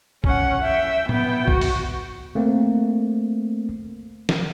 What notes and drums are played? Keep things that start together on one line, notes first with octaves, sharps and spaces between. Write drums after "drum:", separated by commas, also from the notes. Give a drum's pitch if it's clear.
C#4 F#5, drum: kick B1
E5 G5
B3 G5, drum: tom A2
F#4, drum: kick B1
drum: open hi-hat
A3 A#3 C4
drum: snare